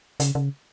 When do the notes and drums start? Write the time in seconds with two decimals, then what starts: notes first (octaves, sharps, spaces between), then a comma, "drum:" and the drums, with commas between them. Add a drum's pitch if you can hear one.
0.20 C#3, drum: hi-hat
0.35 C#3